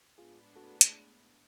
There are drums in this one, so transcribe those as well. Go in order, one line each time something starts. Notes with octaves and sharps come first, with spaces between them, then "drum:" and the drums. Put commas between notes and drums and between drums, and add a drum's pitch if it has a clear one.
A2 G#3 B3 D4 F4 G#4
F#4 A4
drum: hi-hat